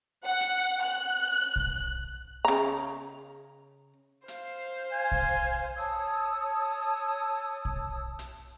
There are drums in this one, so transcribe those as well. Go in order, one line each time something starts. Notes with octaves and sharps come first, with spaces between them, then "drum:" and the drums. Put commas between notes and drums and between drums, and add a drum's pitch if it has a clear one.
F#5
drum: hi-hat
F#6, drum: open hi-hat
drum: kick
C#3 A#5
C5 F5, drum: hi-hat
G#5
drum: kick
C#5 A5 D#6 E6
drum: kick
drum: hi-hat